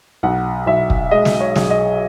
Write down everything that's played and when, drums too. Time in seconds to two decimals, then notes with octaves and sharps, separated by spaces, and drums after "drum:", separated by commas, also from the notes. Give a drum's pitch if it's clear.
0.23 B1 F#5
0.66 B1 E5
0.90 drum: kick
1.11 G#3 D#5
1.25 drum: snare
1.40 C#5
1.55 B1, drum: snare
1.70 D#5